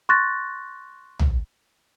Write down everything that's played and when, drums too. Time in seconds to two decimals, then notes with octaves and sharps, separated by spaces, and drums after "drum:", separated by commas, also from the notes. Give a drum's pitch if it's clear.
0.09 C6 C#6 F#6 A6 A#6
1.19 drum: tom B1